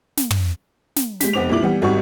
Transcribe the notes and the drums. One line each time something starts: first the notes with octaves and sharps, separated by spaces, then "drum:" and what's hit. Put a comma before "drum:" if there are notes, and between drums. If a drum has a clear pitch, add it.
drum: snare
drum: tom
drum: snare
G#3 G4 B6, drum: snare
F1 B3 C4 D6 F7
C2 A#2 E4 D6 F#7
E3 G3 B3
G#1 G3 F#4 C#6